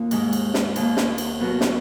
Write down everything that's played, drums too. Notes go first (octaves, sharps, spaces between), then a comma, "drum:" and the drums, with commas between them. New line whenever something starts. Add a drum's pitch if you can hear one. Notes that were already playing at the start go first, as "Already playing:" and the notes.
Already playing: D#2 A#3 F4
G#2 D#3 G#3, drum: cymbal
drum: cymbal
drum: snare
D#2 D#3 A#3, drum: cymbal
drum: snare
drum: cymbal
B2 F#3 B3 F#4 A#4
drum: snare